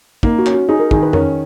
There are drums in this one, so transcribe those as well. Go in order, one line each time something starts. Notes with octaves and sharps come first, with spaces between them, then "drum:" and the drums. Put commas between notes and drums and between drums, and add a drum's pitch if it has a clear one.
A#3 D#4, drum: kick
F#4
C#4, drum: clap
F#4
D#4 G#4
A#4
D#3 G#4, drum: kick
B4
C#4 A#4, drum: tom F2